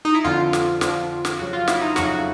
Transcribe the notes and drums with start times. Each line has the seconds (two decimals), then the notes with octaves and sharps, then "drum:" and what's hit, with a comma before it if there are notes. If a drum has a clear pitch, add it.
0.05 D#4
0.15 E4
0.24 F2 D3 F3 F4
0.53 drum: snare
0.81 F2 D3 F3, drum: snare
1.25 drum: snare
1.39 F2 C#3 F#3 F#4
1.53 F4
1.68 E4, drum: snare
1.81 D#4
1.96 F2 C#3 F#3 F#4, drum: snare